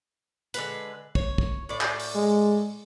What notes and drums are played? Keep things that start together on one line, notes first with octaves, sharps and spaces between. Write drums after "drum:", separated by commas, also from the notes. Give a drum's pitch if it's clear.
D3 G#3 B4, drum: hi-hat
C#5, drum: kick
drum: kick
A2 D5
drum: clap
drum: open hi-hat
G#3